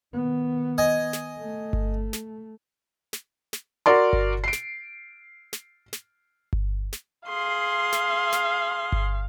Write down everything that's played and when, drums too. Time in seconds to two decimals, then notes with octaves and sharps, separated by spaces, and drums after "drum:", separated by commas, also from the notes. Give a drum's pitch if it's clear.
0.13 D#3 B3
0.78 D#5 G#5
1.13 drum: snare
1.38 A3
1.73 drum: kick G1
2.13 drum: snare
3.13 drum: snare
3.53 drum: snare
3.86 F#4 A#4 D5 C6
4.13 drum: kick G1
4.44 C7 D7
4.53 drum: snare
5.53 drum: snare
5.93 drum: snare
6.53 drum: kick G1
6.93 drum: snare
7.28 G#4 F5 C6
7.93 drum: snare
8.32 drum: snare
8.92 drum: kick G1